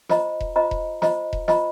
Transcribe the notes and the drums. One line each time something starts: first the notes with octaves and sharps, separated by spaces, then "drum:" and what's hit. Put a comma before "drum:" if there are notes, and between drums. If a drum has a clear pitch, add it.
F4 C5 D#5 A#5, drum: snare
drum: kick E1
F4 C5 D#5 A#5
drum: kick E1
F4 C5 D#5 A#5, drum: snare
drum: kick E1
F4 C5 D#5 A#5, drum: snare